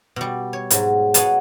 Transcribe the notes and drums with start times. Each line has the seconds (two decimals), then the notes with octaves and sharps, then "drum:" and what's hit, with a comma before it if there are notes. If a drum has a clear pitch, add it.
0.16 B2 G3
0.53 C#5
0.70 G#2 F#3, drum: hi-hat
1.14 B3 C#5 F5 A5, drum: hi-hat